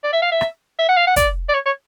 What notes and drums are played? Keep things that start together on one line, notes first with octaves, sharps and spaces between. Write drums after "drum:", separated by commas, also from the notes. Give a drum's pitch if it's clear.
D5
E5
F5
E5
drum: rim click
E5
F#5
F5
F#5
D5, drum: kick, hi-hat
D5
C#5
C#5